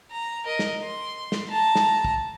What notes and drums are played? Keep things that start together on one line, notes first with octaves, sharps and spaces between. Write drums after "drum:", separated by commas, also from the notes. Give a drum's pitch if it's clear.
A#5
A#4 D#5
drum: snare
C6
drum: snare
A5 A#5
drum: snare
drum: kick